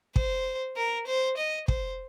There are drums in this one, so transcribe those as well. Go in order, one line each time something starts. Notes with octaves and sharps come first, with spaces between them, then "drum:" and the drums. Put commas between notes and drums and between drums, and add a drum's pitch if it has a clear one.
C5, drum: kick
A#4
C5
D#5
C5, drum: kick